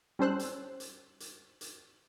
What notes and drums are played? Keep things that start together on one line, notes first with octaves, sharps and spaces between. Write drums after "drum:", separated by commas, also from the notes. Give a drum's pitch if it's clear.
G3 C#4 A4 C5 E6 F#6
drum: hi-hat
drum: hi-hat
drum: hi-hat
drum: hi-hat